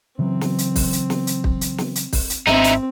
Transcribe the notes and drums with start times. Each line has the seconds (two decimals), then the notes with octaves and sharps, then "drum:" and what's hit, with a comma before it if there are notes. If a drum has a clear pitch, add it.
0.19 C#3 E3 F#3 C4
0.41 drum: snare
0.58 drum: hi-hat
0.76 drum: kick, open hi-hat
0.93 drum: hi-hat
1.10 drum: snare
1.27 drum: hi-hat
1.44 drum: kick
1.61 drum: hi-hat
1.78 drum: snare
1.95 drum: hi-hat
2.13 drum: kick, open hi-hat
2.30 drum: hi-hat
2.47 G#1 C4 D#4 E4, drum: snare
2.64 drum: hi-hat